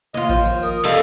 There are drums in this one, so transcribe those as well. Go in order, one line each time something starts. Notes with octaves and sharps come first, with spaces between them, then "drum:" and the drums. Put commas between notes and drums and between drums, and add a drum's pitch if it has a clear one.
D#2 F4 D#5
F3, drum: kick A1, tambourine
drum: tambourine
A#4 D#6, drum: tambourine
F2 G3 A4 D#5 F5